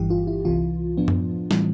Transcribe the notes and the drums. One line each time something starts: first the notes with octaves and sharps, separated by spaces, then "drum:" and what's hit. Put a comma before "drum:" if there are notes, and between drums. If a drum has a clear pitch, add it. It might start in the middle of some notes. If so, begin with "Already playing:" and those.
Already playing: G1 G2 E3 G4
F4
E4
C2 C3 E3 F4
A2 F3 B3 D4
drum: tom F#2
A2 E3 G3 C4, drum: snare